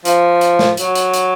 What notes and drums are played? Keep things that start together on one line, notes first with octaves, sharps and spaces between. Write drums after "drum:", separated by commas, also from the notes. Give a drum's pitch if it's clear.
F3, drum: hi-hat
drum: hi-hat
drum: snare
F#3, drum: hi-hat
drum: hi-hat
drum: hi-hat